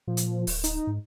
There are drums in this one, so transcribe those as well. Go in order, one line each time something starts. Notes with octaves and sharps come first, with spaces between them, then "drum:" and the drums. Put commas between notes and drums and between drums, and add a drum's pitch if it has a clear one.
A#2 F3
drum: hi-hat
D1, drum: open hi-hat
D#4, drum: hi-hat
G#2